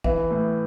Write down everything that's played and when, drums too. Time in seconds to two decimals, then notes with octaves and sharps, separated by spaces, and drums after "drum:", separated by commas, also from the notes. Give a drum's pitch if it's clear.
0.04 E3, drum: kick
0.31 A2